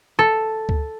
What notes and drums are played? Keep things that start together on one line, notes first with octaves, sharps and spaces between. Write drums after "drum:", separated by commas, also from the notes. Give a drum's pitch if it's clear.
A4
drum: kick C#2